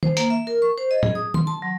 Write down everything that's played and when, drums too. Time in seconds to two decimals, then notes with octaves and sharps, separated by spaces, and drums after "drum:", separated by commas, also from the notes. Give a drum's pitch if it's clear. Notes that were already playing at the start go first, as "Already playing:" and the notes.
0.03 C5, drum: tom D#3
0.17 A#3, drum: hi-hat
0.30 E5
0.47 A#4
0.62 C#6
0.78 C5
0.91 D#5
1.03 G#4, drum: tom A2
1.15 D#6
1.34 C6, drum: tom D#3
1.47 A5
1.62 F#3